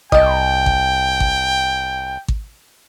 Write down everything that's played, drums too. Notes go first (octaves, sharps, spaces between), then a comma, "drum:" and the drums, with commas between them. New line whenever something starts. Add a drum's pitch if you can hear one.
C2 D#5 G5 A5, drum: kick G#1
drum: kick G#1
drum: kick G#1
drum: kick G#1